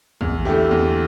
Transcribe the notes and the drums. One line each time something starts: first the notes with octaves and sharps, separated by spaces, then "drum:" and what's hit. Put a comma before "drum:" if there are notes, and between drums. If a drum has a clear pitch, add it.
E2, drum: kick
D3 A3 E4 G4
E2